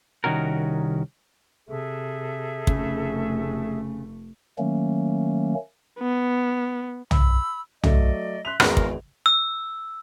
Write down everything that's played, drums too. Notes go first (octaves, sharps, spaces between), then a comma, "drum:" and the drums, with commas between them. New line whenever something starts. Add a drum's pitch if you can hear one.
C2 D#3 C#4 F#4 A#4
C3 G#4 A4 E5
F1 C#3 A3, drum: kick
D#3 F#3 A3 A#3 C#4
B3
B5 E6, drum: tom
F#3 A3 D5 D#5, drum: tom
E5 C6 F#6 F7
G#1 E2 G#3 A#4 F5, drum: rim click
drum: kick
E6